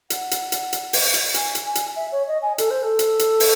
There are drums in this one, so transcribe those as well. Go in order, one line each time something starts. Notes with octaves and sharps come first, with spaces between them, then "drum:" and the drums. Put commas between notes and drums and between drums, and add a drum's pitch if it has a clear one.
F#5, drum: hi-hat
drum: hi-hat
drum: hi-hat
drum: hi-hat
drum: open hi-hat
drum: hi-hat
G#5, drum: hi-hat
drum: hi-hat
G#5
drum: hi-hat
E5
C#5
D#5
G#5
A4, drum: hi-hat
C5
A4
drum: hi-hat
drum: hi-hat
drum: open hi-hat